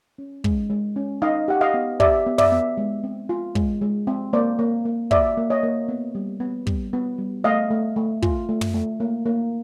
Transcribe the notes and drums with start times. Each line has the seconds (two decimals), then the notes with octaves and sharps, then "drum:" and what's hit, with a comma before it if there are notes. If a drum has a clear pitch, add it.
0.18 C#4
0.44 G#3, drum: kick
0.70 G#3
0.96 C#4
1.22 D#4 D#5 F5
1.48 G4 F#5
1.61 D#5 F5
1.74 B3
2.00 G4 D5 E5, drum: kick
2.26 B3
2.38 D5 E5, drum: tom
2.52 B3
2.78 G#3
3.04 C4
3.29 F4
3.55 G#3, drum: kick
3.81 G#3
4.07 C4
4.33 A#3 C5 D5
4.59 A#3
4.85 A#3
5.11 F#4 D5 E5, drum: kick
5.37 A#3
5.50 C#5 D#5
5.63 A#3
5.89 B3
6.15 G3
6.40 B3
6.67 G3, drum: kick
6.93 B3
7.18 G3
7.44 A3 D#5 F5
7.71 A3
7.96 A3
8.22 F4, drum: kick
8.49 A3
8.61 drum: tom
8.74 A3
9.00 A#3
9.26 A#3